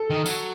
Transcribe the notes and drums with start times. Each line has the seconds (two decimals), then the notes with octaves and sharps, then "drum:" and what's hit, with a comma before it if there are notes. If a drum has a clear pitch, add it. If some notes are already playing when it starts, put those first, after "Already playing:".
Already playing: A4
0.10 D#3
0.26 F#3, drum: tambourine